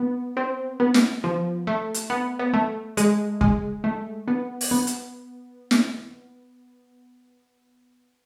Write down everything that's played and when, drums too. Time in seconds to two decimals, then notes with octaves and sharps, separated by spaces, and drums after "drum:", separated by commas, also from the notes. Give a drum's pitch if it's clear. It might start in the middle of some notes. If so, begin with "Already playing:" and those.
Already playing: B3
0.37 C4
0.80 B3
0.94 drum: snare
1.24 F3
1.67 A3
1.94 drum: hi-hat
2.10 B3
2.39 B3
2.54 A3
2.97 G#3, drum: hi-hat
3.41 G#3, drum: kick
3.84 A3
4.28 B3
4.61 drum: open hi-hat
4.71 B3
4.87 drum: hi-hat
5.71 drum: snare